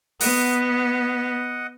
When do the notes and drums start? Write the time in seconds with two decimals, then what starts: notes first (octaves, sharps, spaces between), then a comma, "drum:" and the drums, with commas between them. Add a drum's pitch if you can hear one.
0.21 B3 D#5 F#5, drum: open hi-hat